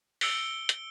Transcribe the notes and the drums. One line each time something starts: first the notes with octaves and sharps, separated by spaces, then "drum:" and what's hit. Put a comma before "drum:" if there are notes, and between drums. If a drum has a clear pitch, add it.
E6 C#7 D7 G7, drum: open hi-hat
drum: hi-hat